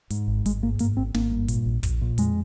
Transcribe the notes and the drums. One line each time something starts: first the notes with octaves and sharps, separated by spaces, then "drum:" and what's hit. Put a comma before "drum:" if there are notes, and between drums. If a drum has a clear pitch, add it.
G#2, drum: hi-hat
G#1
G#1 G#3, drum: hi-hat
G#2 A#3
G2 A#3, drum: hi-hat
G#1 C4
G#1 A#3, drum: snare
G2
A#2, drum: hi-hat
A#1
A#1, drum: kick, hi-hat
A#2
F2 G#3, drum: hi-hat